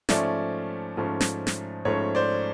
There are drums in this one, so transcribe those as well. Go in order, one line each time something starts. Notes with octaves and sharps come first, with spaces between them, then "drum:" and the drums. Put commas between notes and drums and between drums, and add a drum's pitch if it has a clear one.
G#2 F3 A3 C#4 D5 E5, drum: snare
G#2 F3 A3 C#4
drum: snare
drum: snare
G#2 F3 A3 C#4 C#5
C5 D5